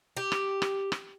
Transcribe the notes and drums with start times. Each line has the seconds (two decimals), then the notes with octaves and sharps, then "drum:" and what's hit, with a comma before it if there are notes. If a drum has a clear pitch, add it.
0.17 G4
0.32 drum: rim click
0.62 drum: rim click
0.92 drum: rim click